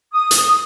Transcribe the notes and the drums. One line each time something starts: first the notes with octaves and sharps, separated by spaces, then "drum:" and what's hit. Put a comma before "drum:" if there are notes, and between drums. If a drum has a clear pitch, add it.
D#6
drum: hi-hat